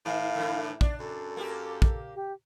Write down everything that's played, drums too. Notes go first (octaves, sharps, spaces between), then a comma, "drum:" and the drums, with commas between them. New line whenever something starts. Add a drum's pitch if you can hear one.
A2 D#3 F5
D3 E3
D4 D5, drum: kick
F#2 A4
A#3 G4
drum: kick
G4